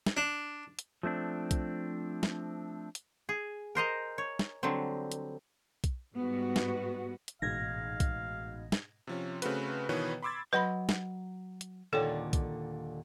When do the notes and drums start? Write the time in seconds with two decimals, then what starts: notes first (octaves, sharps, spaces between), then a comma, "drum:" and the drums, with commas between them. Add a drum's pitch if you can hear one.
0.06 drum: snare
0.17 D4
0.79 drum: hi-hat
1.03 F3 A3 C4 D4
1.51 drum: kick B1, hi-hat
2.23 drum: snare
2.95 drum: hi-hat
3.29 G#4
3.75 A#4 C5 D#5 A#5
4.18 C#5
4.39 drum: snare
4.63 D3 F#3 G3 C4
5.12 drum: hi-hat
5.84 drum: kick B1, hi-hat
6.13 G#2 G3 B3 F#4
6.56 drum: snare
7.28 drum: hi-hat
7.42 A1 G#2 B2 F5 G#6 A#6
8.00 drum: kick B1, hi-hat
8.72 drum: snare
9.07 C3 F3 C#4
9.42 C#3 A3 C4 F#4 B4, drum: hi-hat
9.89 B2 D#3 E3 B3 B4 C#5
10.23 B5 C6 D6 E6 G#6 A6
10.53 F#3 B4 D#5 B5 C6
10.89 drum: snare
11.61 drum: hi-hat
11.93 D#2 A#2 D3 A4 C#5
12.33 drum: kick B1, hi-hat